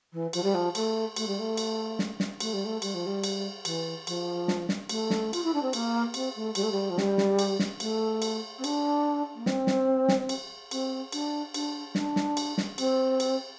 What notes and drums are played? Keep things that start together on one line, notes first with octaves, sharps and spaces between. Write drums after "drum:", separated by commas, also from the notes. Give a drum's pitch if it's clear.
E3
F3, drum: cymbal
G3
F3
A3, drum: cymbal
A3, drum: cymbal
G3
A3
drum: cymbal
drum: snare
drum: snare
A3, drum: cymbal
G3
A3
G3, drum: cymbal
F3
G3
drum: cymbal
E3, drum: cymbal
F3, drum: cymbal
drum: snare
drum: snare
A3, drum: cymbal
drum: snare
F4, drum: cymbal
E4
D4
C4
A#3, drum: cymbal
C4, drum: cymbal
A3
G3, drum: cymbal
A3
G3
F3
G3, drum: snare
drum: snare
drum: cymbal
drum: snare
A3, drum: cymbal
drum: cymbal
C4
D4, drum: cymbal
A#3
C4, drum: snare
drum: snare
drum: snare
drum: cymbal
C4, drum: cymbal
D4, drum: cymbal
D4, drum: cymbal
D4, drum: snare
drum: snare
drum: cymbal
drum: snare
C4, drum: cymbal
drum: cymbal